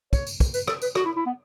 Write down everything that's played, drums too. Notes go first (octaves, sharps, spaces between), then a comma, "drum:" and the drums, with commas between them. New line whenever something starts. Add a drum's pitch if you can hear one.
C#5, drum: kick, tambourine
drum: tambourine
drum: kick, tambourine
B4, drum: tambourine
A4, drum: rim click
B4, drum: tambourine
F#4, drum: rim click
E4
E4
B3